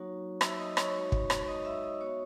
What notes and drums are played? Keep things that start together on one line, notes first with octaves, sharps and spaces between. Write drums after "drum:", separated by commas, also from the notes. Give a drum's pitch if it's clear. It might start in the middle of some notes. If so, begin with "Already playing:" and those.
Already playing: F#3 A#3 D#4 F#4 C#5 C#6
E5 E6, drum: rim click
D#5 D#6
C#5 C#6, drum: rim click
G#3 D#4 F#4
drum: kick
drum: rim click
D#5 D#6
E5 E6
D#5 D#6
B3 F#4 C#5 C#6